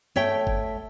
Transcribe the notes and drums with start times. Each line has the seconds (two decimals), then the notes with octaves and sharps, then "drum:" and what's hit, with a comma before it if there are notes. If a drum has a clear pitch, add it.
0.16 A3 C#5 E5 G5
0.47 drum: kick G1